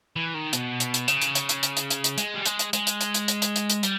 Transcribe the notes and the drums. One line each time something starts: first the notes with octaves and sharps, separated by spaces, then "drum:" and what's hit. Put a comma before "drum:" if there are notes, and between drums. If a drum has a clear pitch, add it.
E3
D#3
B2, drum: hi-hat
drum: hi-hat
drum: hi-hat
C#3, drum: hi-hat
drum: hi-hat
drum: hi-hat
drum: hi-hat
drum: hi-hat
drum: hi-hat
drum: hi-hat
drum: hi-hat
G#3, drum: hi-hat
G3
G#3, drum: hi-hat
drum: hi-hat
G#3, drum: hi-hat
drum: hi-hat
drum: hi-hat
drum: hi-hat
drum: hi-hat
drum: hi-hat
drum: hi-hat
drum: hi-hat
G3, drum: hi-hat